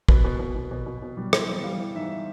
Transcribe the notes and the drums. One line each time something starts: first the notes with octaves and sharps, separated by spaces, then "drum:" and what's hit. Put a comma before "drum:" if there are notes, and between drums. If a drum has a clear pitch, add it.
B2 B4, drum: kick
B2
B2
B2
B2
B2
B2
G3
E3 C5, drum: rim click
G3
G3 F5
E3
G#2 E5